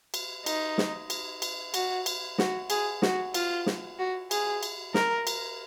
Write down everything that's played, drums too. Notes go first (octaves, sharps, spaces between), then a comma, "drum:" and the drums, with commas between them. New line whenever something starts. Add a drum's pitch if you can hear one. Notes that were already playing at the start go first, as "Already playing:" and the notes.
drum: cymbal
D#4, drum: cymbal
drum: snare
drum: cymbal
drum: cymbal
F#4, drum: cymbal
drum: cymbal
F#4, drum: snare
G#4, drum: cymbal
F#4, drum: snare
F4, drum: cymbal
drum: snare
F#4
G#4, drum: cymbal
drum: cymbal
A#4, drum: snare
drum: cymbal